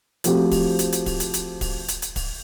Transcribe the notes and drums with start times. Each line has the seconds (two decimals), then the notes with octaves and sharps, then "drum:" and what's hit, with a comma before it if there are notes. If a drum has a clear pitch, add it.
0.24 F3 A3 C4 F#4 G4, drum: hi-hat
0.52 drum: kick, open hi-hat
0.79 drum: hi-hat
0.93 drum: hi-hat
1.06 drum: kick, open hi-hat
1.20 drum: hi-hat
1.34 drum: hi-hat
1.61 drum: kick, open hi-hat
1.89 drum: hi-hat
2.02 drum: hi-hat
2.16 drum: kick, open hi-hat